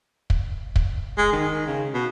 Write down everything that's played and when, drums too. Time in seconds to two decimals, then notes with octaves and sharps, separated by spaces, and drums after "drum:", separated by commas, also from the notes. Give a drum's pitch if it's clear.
0.30 drum: kick
0.76 drum: kick
1.18 G#3
1.33 D#3
1.67 C#3
1.94 B2